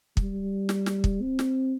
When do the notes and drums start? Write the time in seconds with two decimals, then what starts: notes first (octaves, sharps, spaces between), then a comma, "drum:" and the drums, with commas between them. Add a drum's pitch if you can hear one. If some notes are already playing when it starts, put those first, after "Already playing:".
0.17 G3, drum: kick
0.69 drum: snare
0.86 drum: snare
1.04 drum: kick
1.21 C4
1.39 drum: snare